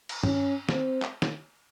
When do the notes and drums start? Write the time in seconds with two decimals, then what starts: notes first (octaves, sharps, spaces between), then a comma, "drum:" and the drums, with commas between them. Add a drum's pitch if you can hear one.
0.09 drum: cymbal
0.23 C#4, drum: tom G2
0.69 C4, drum: snare
1.02 drum: clap
1.22 drum: snare